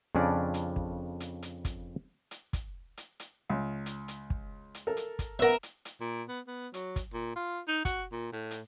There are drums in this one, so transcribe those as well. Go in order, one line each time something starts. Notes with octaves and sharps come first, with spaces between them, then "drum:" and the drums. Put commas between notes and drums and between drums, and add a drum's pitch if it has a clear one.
F2 C#3 C#4 D4 D5
drum: hi-hat
drum: kick
drum: hi-hat
drum: hi-hat
drum: kick, hi-hat
drum: hi-hat
drum: kick, hi-hat
drum: hi-hat
drum: hi-hat
C#2
drum: hi-hat
drum: hi-hat
drum: kick
drum: hi-hat
A4 A#4
drum: hi-hat
drum: kick, hi-hat
B3 A#4 E5 F#5
drum: hi-hat
drum: hi-hat
A#2
B3
B3
F#3, drum: hi-hat
drum: kick, hi-hat
A#2
F4
D#4
F#4, drum: kick, hi-hat
A#2
A2
drum: hi-hat